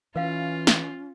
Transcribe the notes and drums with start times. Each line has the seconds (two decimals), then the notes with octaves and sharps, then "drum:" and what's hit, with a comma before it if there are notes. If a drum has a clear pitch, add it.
0.16 E3 C#4 F4 B4 F5
0.67 drum: snare